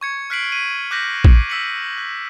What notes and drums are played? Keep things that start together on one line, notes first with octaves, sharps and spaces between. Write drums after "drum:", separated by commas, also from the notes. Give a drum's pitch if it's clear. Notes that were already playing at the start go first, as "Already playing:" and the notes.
C#6 G#6 C#7
F6 F#6 B6 C7 D7 F#7
B6 D#7
D6 F#6 G6 A#6 B6 F#7
drum: kick
D6 E6 B6 C#7 F#7
F#6